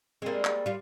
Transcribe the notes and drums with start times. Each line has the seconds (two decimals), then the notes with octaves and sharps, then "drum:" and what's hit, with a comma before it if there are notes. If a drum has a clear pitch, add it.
0.22 G3 G#3 A#3 C4
0.45 drum: clap
0.66 G3 F4